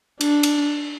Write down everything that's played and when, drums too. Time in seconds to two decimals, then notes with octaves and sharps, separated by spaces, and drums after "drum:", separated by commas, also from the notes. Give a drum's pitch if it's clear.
0.21 D4, drum: cymbal
0.43 drum: cymbal